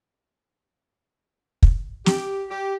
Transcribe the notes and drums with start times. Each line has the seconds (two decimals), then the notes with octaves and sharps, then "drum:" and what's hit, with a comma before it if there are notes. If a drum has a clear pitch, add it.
1.63 drum: kick
2.06 G4, drum: snare
2.50 G4